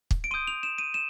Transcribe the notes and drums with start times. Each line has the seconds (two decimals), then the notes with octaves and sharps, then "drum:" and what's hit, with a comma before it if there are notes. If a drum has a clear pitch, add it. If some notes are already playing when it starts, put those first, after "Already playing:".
0.11 drum: kick
0.24 D7
0.31 C6 D#6 G6 D#7
0.47 F7
0.63 E7
0.78 D#7
0.94 E7